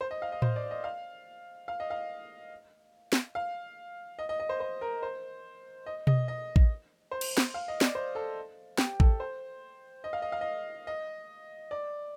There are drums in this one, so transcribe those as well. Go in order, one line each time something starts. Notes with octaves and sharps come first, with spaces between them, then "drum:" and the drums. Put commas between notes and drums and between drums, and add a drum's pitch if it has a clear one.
C5
D#5
F5
D#5
C5, drum: tom A2
D5
D#5
F5
F5
D#5
F5
drum: snare
F5
D#5
D#5
D#5
C5
C5
A#4
C5
D#5
D#5, drum: tom B2
D#5
drum: kick A1
C5
drum: cymbal
drum: snare
F5
D#5
D5, drum: snare
C5
A4
G4, drum: snare
A4, drum: kick A1
C5
D#5
F5
D#5
F5
D#5
D#5
D5